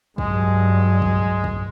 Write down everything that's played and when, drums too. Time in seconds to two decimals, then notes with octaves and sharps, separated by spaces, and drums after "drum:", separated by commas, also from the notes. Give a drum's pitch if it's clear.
0.18 G2 F#3 G#3, drum: kick
1.02 drum: kick
1.44 drum: kick